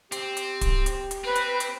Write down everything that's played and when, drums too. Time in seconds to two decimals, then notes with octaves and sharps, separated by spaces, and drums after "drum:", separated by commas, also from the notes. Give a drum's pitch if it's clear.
0.12 C4 G4, drum: hi-hat
0.37 drum: hi-hat
0.61 drum: kick D1, hi-hat
0.86 drum: hi-hat
1.11 drum: hi-hat
1.24 C4 B4
1.35 drum: hi-hat
1.60 drum: hi-hat